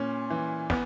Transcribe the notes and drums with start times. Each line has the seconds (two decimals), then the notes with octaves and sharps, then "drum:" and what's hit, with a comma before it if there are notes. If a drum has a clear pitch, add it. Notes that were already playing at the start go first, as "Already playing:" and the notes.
Already playing: A#2 C#4
0.30 E3
0.70 B3, drum: snare